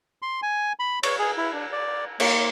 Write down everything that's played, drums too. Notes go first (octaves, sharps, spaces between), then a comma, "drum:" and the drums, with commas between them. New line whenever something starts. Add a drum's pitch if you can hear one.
C6
G#5
B5
C#5, drum: cymbal
G#4
E4
D4
D5
A#3, drum: cymbal